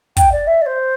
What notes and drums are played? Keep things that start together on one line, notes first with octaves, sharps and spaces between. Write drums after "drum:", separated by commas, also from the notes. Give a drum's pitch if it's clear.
G5, drum: kick, hi-hat
D5
E5
D5
C5